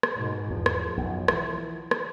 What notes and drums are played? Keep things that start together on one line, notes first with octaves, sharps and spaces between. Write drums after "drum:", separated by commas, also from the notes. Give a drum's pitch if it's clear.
drum: rim click
G#2 B2
E2 F3
drum: rim click
B1 F#2
E3, drum: rim click
drum: rim click